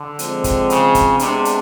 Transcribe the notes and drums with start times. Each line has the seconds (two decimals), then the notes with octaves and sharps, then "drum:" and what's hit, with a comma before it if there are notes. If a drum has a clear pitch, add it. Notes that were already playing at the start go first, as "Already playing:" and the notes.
Already playing: D3
0.19 F3 G#3 C4, drum: hi-hat
0.44 drum: kick, hi-hat
0.70 C#3, drum: hi-hat
0.95 drum: kick, hi-hat
1.19 C3 G#3 B3 D4, drum: hi-hat
1.45 drum: hi-hat